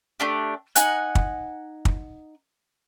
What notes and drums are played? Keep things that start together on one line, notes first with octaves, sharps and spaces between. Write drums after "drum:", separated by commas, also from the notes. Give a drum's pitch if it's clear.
A3 D4 G4
D#4 F#5 G#5 F#6, drum: hi-hat
drum: kick
drum: kick